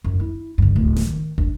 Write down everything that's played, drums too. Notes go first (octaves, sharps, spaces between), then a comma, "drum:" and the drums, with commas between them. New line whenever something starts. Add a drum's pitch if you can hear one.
F#2
E4
G2 D3
D1 D2
drum: snare
D#3
D4, drum: kick